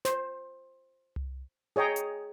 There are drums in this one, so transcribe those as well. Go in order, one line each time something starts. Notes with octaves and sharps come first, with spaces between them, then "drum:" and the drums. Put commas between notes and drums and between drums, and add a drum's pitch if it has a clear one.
C5, drum: snare
drum: tom C2
G#4 C#5 D#5 G5 A#5
drum: hi-hat